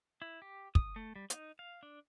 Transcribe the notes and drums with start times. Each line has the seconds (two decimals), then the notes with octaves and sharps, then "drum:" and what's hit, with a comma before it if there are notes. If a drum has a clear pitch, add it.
0.22 E4
0.42 G4
0.75 D#6, drum: kick
0.96 A3
1.16 G3
1.30 D#4, drum: hi-hat
1.59 F5
1.83 D4